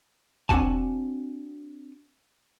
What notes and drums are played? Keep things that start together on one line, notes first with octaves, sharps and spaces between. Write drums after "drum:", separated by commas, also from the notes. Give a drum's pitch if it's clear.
C4 D4 F#4 G#5 A5, drum: kick E1